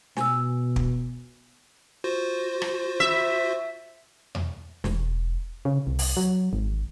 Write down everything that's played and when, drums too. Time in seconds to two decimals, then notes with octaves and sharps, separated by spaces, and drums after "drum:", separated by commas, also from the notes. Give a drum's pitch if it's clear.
0.17 B2 G#5 E6, drum: snare
0.76 drum: kick
2.04 F4 F#4 C5
2.62 drum: rim click
3.00 E5
4.35 drum: tom E2
4.84 E1, drum: snare
5.65 C#3
5.87 C2
5.99 drum: open hi-hat
6.17 F#3
6.53 G#1